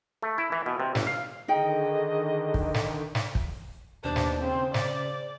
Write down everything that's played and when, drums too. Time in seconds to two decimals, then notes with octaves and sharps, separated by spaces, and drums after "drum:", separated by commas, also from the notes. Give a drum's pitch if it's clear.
0.22 A3
0.38 E4
0.52 E3
0.66 B2
0.80 C3
0.95 G1, drum: snare
1.07 F5
1.48 D3 D#3 D#4 G#4 D#5 G5
2.54 drum: kick
2.74 drum: snare
3.15 drum: snare
3.35 drum: kick
4.04 D#2 B2 D4 C5
4.16 drum: snare
4.42 C#3 C4
4.74 D5, drum: snare